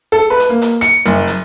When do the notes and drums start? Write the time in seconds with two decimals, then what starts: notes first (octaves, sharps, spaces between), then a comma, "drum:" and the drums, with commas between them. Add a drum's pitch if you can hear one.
0.12 A4
0.30 B4
0.40 drum: hi-hat
0.49 A#3
0.62 drum: hi-hat
0.81 C#7, drum: hi-hat
1.05 F#1, drum: hi-hat
1.27 drum: hi-hat